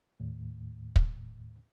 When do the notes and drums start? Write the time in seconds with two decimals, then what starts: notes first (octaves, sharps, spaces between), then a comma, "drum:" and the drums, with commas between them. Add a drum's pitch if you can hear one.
0.20 D#2 A2
0.96 drum: kick